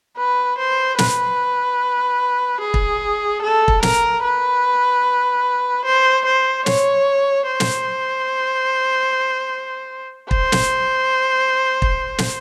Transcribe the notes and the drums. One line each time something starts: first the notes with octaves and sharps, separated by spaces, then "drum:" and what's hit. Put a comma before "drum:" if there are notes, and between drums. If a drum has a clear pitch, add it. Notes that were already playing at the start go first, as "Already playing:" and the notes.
B4
C5
B4, drum: snare
G#4
drum: kick
A4
drum: kick
A#4, drum: snare
B4
C5
C5
C#5, drum: snare
C5
drum: snare
C5, drum: kick
drum: snare
drum: kick
drum: snare